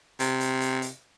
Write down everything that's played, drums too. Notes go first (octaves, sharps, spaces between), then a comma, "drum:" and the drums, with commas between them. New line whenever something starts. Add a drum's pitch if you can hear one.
C3, drum: hi-hat
drum: hi-hat
drum: hi-hat
drum: hi-hat